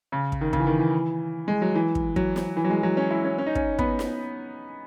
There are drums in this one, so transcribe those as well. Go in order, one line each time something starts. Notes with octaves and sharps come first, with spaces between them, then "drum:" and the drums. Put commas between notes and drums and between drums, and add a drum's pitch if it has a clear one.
C#3
drum: kick
D#3
C#3, drum: kick
E3
D#3
E3
G#3
F#3
E3
drum: kick
F#3, drum: kick
drum: snare
E3
F#3
G#3
F#3
C#4
E4
C#4
C#4
D#4
C#4, drum: kick
B3, drum: kick
drum: snare